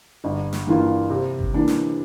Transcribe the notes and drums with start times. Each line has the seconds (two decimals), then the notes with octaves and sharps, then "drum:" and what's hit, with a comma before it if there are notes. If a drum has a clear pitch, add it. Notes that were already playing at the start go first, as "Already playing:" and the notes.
0.24 G1
0.53 drum: snare
0.67 G2 E3 A#3 F4
1.10 C3
1.39 drum: kick G1
1.53 E3 A#3 D4
1.68 drum: snare